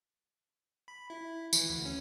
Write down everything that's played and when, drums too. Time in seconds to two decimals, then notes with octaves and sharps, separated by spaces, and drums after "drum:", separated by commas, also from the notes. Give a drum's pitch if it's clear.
0.88 B5
1.10 E4
1.53 E3, drum: tambourine
1.69 D2
1.85 C#4